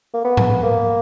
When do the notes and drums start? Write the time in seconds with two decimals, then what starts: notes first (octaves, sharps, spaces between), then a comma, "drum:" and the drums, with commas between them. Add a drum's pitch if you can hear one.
0.14 A#3
0.25 B3
0.37 drum: tom G#2
0.63 A#3